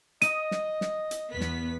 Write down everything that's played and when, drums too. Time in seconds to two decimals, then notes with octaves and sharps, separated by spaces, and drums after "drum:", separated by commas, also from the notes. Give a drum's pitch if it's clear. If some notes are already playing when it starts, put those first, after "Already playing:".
0.22 D#5 D#7, drum: hi-hat
0.51 drum: snare
0.81 drum: snare
1.11 drum: hi-hat
1.31 E2 B3 B6
1.41 drum: snare